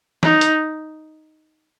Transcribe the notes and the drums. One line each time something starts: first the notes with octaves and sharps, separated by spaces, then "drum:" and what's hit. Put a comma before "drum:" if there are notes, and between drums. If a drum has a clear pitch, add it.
D#4, drum: snare
drum: hi-hat